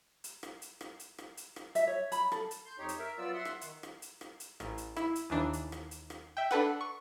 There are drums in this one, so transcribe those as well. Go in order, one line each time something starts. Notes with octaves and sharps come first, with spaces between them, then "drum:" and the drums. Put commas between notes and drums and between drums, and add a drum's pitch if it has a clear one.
drum: hi-hat
drum: rim click
drum: hi-hat
drum: rim click
drum: hi-hat
drum: rim click
drum: hi-hat
drum: rim click
E5, drum: hi-hat
C#5
B5, drum: hi-hat
A4, drum: rim click
drum: hi-hat
C6 G6
F2 D#4 G4 C#5
drum: hi-hat
A#4 E5
F#3 B3 F4 D5 E6
E5 F#5 C6
drum: rim click
D#3, drum: hi-hat
drum: rim click
drum: hi-hat
drum: rim click
drum: hi-hat
A1, drum: rim click
drum: hi-hat
E4, drum: rim click
drum: hi-hat
D#2 E3 D4
drum: hi-hat
drum: rim click
drum: hi-hat
drum: rim click
E5 G5
D4 A4 B4 F#5, drum: rim click
C#6